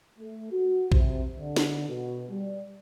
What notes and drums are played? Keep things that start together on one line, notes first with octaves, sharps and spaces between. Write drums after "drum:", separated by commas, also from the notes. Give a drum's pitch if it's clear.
A3
F#4
C3, drum: kick A#1
D3
drum: snare
B2
G3